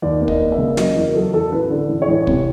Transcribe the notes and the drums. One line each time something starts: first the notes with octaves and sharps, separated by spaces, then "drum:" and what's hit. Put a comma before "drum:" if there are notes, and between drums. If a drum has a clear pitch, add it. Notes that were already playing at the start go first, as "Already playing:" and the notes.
D#2 D5
A#3
D#5, drum: kick
A#3
E5
C#3
F#3 D#5, drum: snare
E2 A#4
F#3 A4
E2 A4
A1 B4
D3
A1
C#5
A1
C3, drum: kick